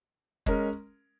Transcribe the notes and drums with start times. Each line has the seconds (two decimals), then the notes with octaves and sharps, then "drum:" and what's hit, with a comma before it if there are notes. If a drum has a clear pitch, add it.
0.46 G#3 C#4 A#4, drum: kick